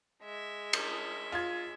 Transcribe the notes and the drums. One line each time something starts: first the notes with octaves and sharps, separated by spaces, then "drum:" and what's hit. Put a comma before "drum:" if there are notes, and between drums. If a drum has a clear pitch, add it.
G#3 E5
drum: cymbal
F4 G#6